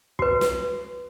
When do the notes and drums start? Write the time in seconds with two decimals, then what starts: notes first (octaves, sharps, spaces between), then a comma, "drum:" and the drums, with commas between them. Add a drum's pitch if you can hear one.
0.19 F#4 B4, drum: kick
0.41 drum: snare